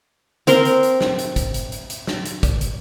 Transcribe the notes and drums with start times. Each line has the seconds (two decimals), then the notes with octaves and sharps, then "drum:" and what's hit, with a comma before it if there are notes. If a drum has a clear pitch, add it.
0.47 C4 A#4 C6, drum: hi-hat
0.65 drum: hi-hat
0.83 drum: hi-hat
1.01 drum: snare
1.18 drum: hi-hat
1.36 drum: kick, hi-hat
1.54 drum: hi-hat
1.72 drum: hi-hat
1.90 drum: hi-hat
2.07 drum: snare
2.25 drum: hi-hat
2.43 drum: kick, hi-hat
2.61 drum: hi-hat